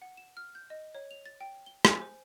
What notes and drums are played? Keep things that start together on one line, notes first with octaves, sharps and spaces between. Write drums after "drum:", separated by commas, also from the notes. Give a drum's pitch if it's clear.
F#5
E7
F6
G6
D#5
C#5
F7
A6
G5
G7
G#5, drum: rim click
C5